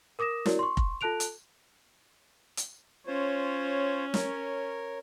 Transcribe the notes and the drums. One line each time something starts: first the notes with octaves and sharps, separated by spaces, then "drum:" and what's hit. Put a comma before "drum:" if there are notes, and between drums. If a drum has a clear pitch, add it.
A#4 D6 D#6 A#6 E7
E4 F#4 A#4 C#5 D5, drum: snare
C6 C#6
drum: kick F1
F4 A4 A5 F#6 D7 F7
drum: hi-hat
drum: hi-hat
C#4 F4 C5 C#5
A#4 C#5, drum: snare